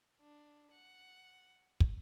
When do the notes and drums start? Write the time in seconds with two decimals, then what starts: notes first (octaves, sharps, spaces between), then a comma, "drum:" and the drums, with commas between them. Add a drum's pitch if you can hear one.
0.21 D4
0.72 F#5
1.80 drum: kick